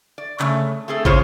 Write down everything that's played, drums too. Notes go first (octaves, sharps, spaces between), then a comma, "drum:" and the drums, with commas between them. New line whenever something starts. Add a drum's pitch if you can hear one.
D5
C#3 A3, drum: clap
A3 C4 G#4 A4
C#3 F3 F4 G#4 C5 C#5, drum: kick